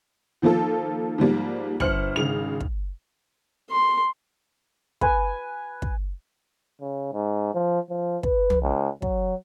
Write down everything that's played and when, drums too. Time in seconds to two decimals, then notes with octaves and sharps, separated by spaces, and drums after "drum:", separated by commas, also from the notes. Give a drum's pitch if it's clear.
0.42 D#3 F3 A#3 F4 A4
1.18 G#2 F3 G3 A#3
1.80 G1 C5 F6 C#7 F#7, drum: kick
2.16 G#1 C#3 F7
2.60 drum: kick
3.70 C6
5.01 B4 G#5, drum: kick
5.82 drum: kick
6.81 C#3
7.13 G#2
7.55 F3
7.90 F3
8.23 B4, drum: kick
8.50 drum: tom
8.62 C#2
9.02 F#3, drum: kick